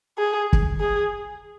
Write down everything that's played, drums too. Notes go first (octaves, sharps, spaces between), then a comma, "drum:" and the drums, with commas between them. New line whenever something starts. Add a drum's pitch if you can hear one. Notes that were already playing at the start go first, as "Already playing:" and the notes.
G#4
drum: kick
G#4